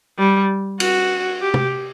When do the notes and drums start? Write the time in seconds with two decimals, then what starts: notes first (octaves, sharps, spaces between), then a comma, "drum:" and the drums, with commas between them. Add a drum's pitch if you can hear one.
0.18 G3
0.80 F#4, drum: cymbal
1.41 G4
1.54 drum: tom